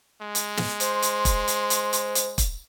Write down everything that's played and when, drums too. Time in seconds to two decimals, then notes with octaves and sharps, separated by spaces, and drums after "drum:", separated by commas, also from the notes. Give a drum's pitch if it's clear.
0.21 G#3
0.35 drum: hi-hat
0.57 drum: snare
0.80 C5 C6, drum: hi-hat
1.02 drum: hi-hat
1.25 drum: kick E1, hi-hat
1.48 drum: hi-hat
1.70 drum: hi-hat
1.93 drum: hi-hat
2.15 drum: hi-hat
2.38 drum: kick E1, hi-hat